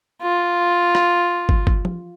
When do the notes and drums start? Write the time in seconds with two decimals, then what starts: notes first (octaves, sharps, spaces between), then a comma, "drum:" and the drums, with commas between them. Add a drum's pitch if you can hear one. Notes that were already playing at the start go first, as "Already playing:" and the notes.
0.22 F4
0.95 drum: rim click
1.49 drum: kick
1.67 drum: kick
1.85 drum: tom F3